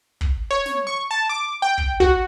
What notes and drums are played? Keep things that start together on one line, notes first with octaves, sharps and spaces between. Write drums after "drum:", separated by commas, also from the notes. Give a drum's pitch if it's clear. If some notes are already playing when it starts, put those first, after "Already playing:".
drum: kick
C#5
drum: snare
C#6
A5
D6
G5
drum: kick
F#4, drum: kick